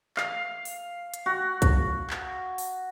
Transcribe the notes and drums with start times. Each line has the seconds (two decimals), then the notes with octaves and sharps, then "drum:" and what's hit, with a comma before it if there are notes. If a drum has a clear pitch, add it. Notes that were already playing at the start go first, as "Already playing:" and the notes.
0.17 F5, drum: clap
0.65 drum: open hi-hat
1.14 drum: hi-hat
1.26 F#4
1.62 drum: kick A#1, hi-hat
2.10 drum: clap
2.58 drum: open hi-hat